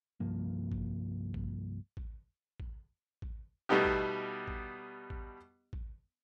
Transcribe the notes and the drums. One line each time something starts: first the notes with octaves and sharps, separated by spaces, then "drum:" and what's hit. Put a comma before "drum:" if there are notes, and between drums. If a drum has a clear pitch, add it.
C2 G2 F3 A#3
drum: kick A1
drum: kick A1
drum: kick A1
drum: kick A1
drum: kick A1
B2 G3 A3 B3 D#4 G4
drum: kick A1
drum: kick A1
drum: kick A1
drum: kick A1